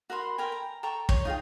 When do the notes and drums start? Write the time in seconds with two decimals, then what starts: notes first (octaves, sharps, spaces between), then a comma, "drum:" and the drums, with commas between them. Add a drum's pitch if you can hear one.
0.10 F#4 A#4 B5 C6
0.38 A#4 B4 G5 G#5
0.52 A#5
0.83 A4 G5 A#5 C#6
1.09 C#5, drum: kick
1.25 D#4 F4 G#4 G5